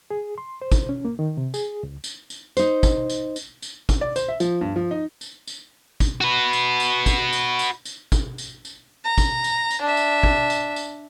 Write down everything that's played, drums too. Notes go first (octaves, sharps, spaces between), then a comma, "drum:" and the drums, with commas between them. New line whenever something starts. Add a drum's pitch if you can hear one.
G#4
C6
C5
drum: kick, tambourine
C#4
A#3
D#3
C3
G#4, drum: tambourine
C#2
drum: tambourine
drum: tambourine
D#4 C5, drum: tambourine
drum: kick, tambourine
drum: tambourine
drum: tambourine
drum: tambourine
drum: kick, tambourine
D5
C5, drum: tambourine
E5
F3, drum: tambourine
G2
F3
D#4
drum: tambourine
drum: tambourine
drum: kick, tambourine
F#4 B4
drum: tambourine
drum: tambourine
drum: kick, tambourine
drum: tambourine
drum: tambourine
drum: tambourine
drum: kick, tambourine
drum: tambourine
drum: tambourine
A#5
drum: kick, tambourine
drum: tambourine
drum: tambourine
D4 E5
drum: tambourine
drum: kick
drum: tambourine
drum: tambourine